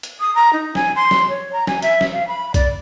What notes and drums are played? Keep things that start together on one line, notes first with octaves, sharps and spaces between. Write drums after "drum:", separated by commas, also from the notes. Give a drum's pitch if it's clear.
drum: hi-hat
D#6
A#5
D#4
G#5, drum: snare
C6
drum: snare
C#5
A#5
G#5, drum: snare
E5, drum: hi-hat
drum: snare
F5
B5
D5, drum: kick B1, hi-hat